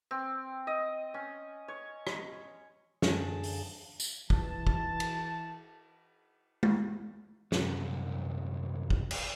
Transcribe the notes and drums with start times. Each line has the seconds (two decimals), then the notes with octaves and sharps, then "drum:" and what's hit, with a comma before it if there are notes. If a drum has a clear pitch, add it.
0.11 C4
0.67 D#5
1.14 C#4
1.68 C#5
2.07 drum: rim click
3.02 F#2 D3 G#4 A5, drum: snare
3.43 drum: open hi-hat
4.00 drum: tambourine
4.30 E3 A5, drum: kick
4.67 drum: kick
5.00 drum: cymbal
6.63 drum: tom G#3
7.52 C2 F#2, drum: snare
8.90 drum: kick
9.11 drum: cymbal